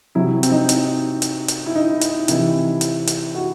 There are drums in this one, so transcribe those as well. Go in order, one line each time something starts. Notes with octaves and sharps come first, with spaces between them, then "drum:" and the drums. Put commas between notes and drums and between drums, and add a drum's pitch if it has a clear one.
C3 F#3 E4
C4, drum: hi-hat
D#4
drum: hi-hat
drum: hi-hat
drum: hi-hat
E4
D#4
drum: hi-hat
C3 E3 E4, drum: hi-hat
drum: hi-hat
drum: hi-hat
F#4